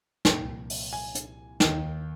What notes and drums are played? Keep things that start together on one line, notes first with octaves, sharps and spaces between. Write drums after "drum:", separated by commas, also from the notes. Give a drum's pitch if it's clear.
C2 A#2 F3 G5, drum: snare
drum: open hi-hat
G#5
drum: hi-hat
D#2 D#3 G5, drum: snare